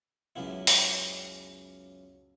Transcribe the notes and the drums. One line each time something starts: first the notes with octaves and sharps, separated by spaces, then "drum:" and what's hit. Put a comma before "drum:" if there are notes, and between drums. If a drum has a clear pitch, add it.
C#2 F#2 C#3 B3 E4
drum: open hi-hat